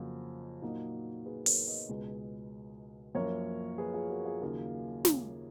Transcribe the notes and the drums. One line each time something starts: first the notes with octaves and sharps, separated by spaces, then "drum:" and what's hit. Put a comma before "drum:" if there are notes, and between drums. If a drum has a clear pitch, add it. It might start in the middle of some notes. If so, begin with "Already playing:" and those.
Already playing: F2 C#3 F#3 A#3 F4
A#2 F#3 A#3 D#4 F#4
G#4 B4
A#4 C#5, drum: open hi-hat
B4 D#5
C#2 B2 G#3
F#2 F3 A#3 A#4 C#5
G#4 B4
F4 G#4
F#4 A#4
F4 G#4
D#2 C#3 F#3 A#3
C#4 F4, drum: snare